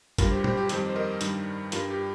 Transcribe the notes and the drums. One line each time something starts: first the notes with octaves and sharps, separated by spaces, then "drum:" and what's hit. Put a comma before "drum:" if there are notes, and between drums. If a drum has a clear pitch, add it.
G2 G3 F4 A#4, drum: kick G1, hi-hat
G4 C5
G4 C5, drum: tom
G4 C5
F2 D#3 G3 G4 C5, drum: hi-hat
C5
A#4 D#5
G2 D#3 G3, drum: hi-hat
G2 G3 F4 A#4, drum: hi-hat
G4